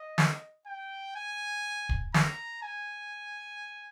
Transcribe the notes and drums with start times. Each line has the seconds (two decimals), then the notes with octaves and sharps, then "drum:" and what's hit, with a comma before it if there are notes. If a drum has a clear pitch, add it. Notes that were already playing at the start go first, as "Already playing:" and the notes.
Already playing: D#5
0.18 drum: snare
0.67 G5
1.16 G#5
1.89 drum: kick
2.14 A#5, drum: snare
2.63 G#5